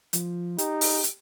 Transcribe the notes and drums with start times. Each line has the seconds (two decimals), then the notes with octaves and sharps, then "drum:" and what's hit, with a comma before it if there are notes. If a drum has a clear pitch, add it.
0.13 F3, drum: hi-hat
0.58 D#4 G4, drum: hi-hat
0.81 drum: open hi-hat
1.04 drum: hi-hat